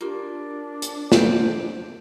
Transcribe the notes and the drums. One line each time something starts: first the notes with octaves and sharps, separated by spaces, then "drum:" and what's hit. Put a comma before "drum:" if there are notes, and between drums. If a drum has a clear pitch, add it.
A#3 D4 F4 G4
drum: hi-hat
C5 G6 D7, drum: snare